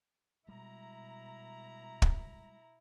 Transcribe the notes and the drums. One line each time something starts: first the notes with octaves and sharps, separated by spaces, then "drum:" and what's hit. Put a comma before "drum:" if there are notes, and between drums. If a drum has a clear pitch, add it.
B2 G3 G#3 E4 A#5
drum: kick